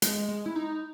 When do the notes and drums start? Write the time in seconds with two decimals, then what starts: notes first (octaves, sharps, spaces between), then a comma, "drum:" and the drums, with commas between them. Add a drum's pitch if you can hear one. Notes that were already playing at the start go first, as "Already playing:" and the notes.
0.02 G#3, drum: hi-hat
0.28 G#3
0.46 E4
0.56 D#4